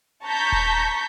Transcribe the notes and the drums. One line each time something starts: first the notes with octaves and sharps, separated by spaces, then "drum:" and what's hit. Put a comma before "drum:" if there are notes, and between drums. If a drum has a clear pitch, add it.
A5 A#5 C#6 G6 B6
drum: kick D#1